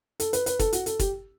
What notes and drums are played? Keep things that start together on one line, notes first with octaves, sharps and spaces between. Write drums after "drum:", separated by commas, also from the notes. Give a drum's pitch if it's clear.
A4, drum: hi-hat
B4, drum: hi-hat
B4, drum: hi-hat
A4, drum: kick, hi-hat
F#4, drum: hi-hat
A4, drum: hi-hat
G4, drum: kick, hi-hat